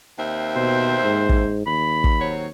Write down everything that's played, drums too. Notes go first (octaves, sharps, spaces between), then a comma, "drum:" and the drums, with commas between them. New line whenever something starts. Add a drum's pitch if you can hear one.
D#2 C4 E5
B2 C5
G#2
drum: kick
D#2 B5
drum: kick
F#3 C4 C#5